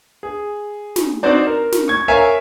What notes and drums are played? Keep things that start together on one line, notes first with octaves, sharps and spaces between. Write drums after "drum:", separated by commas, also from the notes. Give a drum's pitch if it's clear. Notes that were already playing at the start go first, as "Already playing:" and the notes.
G#4
drum: snare
C4 D#4 F#4 C5 D5
A#4
drum: snare
C#6 G#6
A#4 C#5 E5 F5 G#5